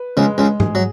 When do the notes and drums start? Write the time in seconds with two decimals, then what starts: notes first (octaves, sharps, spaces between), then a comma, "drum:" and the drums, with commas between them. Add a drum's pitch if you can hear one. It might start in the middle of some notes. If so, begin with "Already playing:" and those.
Already playing: B4
0.17 C#2 C#3 G#3
0.38 C#2 C#3
0.60 G#4, drum: tom G#2
0.75 F#3